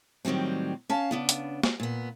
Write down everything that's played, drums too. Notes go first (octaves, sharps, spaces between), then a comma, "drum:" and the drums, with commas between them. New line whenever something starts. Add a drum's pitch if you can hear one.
A2 D#3 F#3 G3 C4
C#4 F5 A5
C#3 B3 D4
drum: hi-hat
drum: snare
A#2 B3